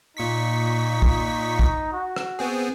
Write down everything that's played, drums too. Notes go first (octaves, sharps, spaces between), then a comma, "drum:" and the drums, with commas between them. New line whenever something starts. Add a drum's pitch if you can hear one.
A#2 D#4 C#6 B6
drum: kick
drum: kick
F#4
drum: rim click
B3 C4 G#4